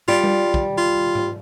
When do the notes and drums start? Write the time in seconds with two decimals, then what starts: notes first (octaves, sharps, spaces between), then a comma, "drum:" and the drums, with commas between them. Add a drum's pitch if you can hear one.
0.08 G3 F4
0.24 drum: tom G3
0.54 drum: kick
0.78 F4
1.15 drum: tom G#2